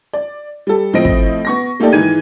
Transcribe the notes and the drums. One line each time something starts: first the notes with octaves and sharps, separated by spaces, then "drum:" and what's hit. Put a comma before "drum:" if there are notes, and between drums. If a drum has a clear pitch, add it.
D5
G3 A4
A2 F3 C4 D#5 A#6 D7
drum: kick
B3 C#6 A#6
A3 A#3 D#4 G4 A4 D5
G#2 D#3 E3 D#4 G#6 D#7